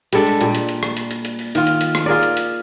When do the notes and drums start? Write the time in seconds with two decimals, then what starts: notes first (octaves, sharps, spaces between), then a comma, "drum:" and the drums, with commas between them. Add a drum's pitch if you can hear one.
0.13 G3 G#3 D4 A4, drum: hi-hat
0.27 drum: open hi-hat
0.41 A#2 G3, drum: hi-hat
0.55 drum: hi-hat
0.69 drum: hi-hat
0.83 drum: rim click
0.97 drum: hi-hat
1.11 drum: hi-hat
1.25 drum: hi-hat
1.39 drum: open hi-hat
1.55 D#3 F4, drum: hi-hat
1.67 drum: hi-hat
1.81 drum: hi-hat
1.95 drum: rim click
2.06 F4 G#4 A#4 D5
2.23 drum: hi-hat
2.37 drum: hi-hat